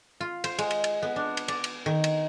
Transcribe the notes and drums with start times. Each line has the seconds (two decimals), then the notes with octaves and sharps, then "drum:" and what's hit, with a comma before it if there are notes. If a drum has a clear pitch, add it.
0.21 F4
0.44 C5, drum: cymbal
0.59 G#3, drum: cymbal
0.71 drum: cymbal
0.84 drum: cymbal
1.02 B3
1.16 D4
1.37 drum: cymbal
1.48 D5, drum: cymbal
1.64 drum: cymbal
1.86 D#3
2.04 drum: cymbal